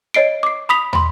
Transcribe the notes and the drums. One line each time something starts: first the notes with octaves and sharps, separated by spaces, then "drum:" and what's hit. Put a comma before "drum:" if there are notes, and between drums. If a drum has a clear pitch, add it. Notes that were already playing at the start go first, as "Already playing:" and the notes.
C#5 D#5 C7 D7
D6 C7
B5 D#6 B6 F7
B5 C6, drum: tom